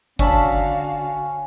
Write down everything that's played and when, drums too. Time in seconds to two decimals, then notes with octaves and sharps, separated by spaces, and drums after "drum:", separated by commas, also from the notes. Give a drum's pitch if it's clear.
0.19 D3 C#4 D4 F#4 E5 F5 A5 B5, drum: kick G1